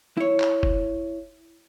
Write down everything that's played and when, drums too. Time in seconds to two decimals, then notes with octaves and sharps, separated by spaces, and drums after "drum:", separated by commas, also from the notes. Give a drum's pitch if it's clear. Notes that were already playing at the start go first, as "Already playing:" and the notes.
0.17 E4 C#5
0.40 drum: clap
0.63 drum: kick F#1